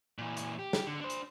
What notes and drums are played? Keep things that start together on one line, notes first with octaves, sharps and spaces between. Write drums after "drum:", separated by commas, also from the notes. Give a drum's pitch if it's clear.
A#2 E3
drum: hi-hat
G4
drum: snare
D3
D4 C5
drum: hi-hat